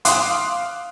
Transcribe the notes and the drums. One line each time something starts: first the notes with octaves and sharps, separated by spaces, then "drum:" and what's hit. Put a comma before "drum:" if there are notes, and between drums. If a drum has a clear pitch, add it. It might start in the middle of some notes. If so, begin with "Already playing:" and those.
F5 C6 D6 D#6 F#6, drum: hi-hat